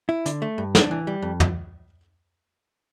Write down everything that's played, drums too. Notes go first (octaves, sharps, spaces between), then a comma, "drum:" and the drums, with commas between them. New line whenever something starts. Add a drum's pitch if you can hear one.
E4
D3, drum: hi-hat
A3
G2
D4, drum: snare
E3
G3
F2
drum: tom